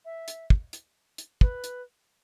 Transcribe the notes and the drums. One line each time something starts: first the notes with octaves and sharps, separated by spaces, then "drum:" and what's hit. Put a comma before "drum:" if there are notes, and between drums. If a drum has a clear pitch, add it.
E5
drum: hi-hat
drum: kick
drum: hi-hat
drum: hi-hat
B4, drum: kick
drum: hi-hat